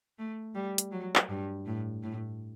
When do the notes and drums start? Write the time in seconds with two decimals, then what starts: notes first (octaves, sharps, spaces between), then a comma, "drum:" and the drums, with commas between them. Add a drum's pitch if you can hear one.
0.18 A3
0.55 G3
0.78 drum: hi-hat
0.92 F#3
1.15 drum: clap
1.29 G2
1.66 A2
2.03 A2